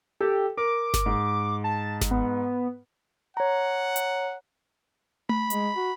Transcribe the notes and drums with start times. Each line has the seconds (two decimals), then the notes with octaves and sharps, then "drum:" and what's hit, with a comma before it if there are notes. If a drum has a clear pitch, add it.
0.21 G4 A4
0.57 A#4 D6
0.94 drum: snare G1
1.06 G#2
1.64 A5
2.01 drum: snare G1
2.11 B3
3.37 C#5 F#5 A#5
3.96 drum: hi-hat
5.29 B5, drum: tom A3
5.50 G#3, drum: hi-hat
5.76 F#4